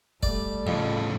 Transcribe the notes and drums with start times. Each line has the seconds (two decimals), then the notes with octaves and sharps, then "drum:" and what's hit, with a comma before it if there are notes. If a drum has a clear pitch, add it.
0.23 G3 A3 D5, drum: kick
0.67 F2 A2 C#3